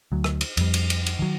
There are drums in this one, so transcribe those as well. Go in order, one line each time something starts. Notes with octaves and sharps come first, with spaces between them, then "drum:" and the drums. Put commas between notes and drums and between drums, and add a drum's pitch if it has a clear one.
D2 F#3
drum: rim click
drum: cymbal
F2 G3, drum: cymbal
drum: cymbal
drum: cymbal
drum: cymbal
D#3 F#3